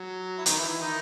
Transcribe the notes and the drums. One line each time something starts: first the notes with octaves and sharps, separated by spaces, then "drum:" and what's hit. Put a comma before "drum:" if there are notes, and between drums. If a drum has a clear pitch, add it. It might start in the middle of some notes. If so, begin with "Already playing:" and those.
Already playing: F#3
E4
D#3 D#4, drum: hi-hat
E3 E4
E3 E4
D#3 D#4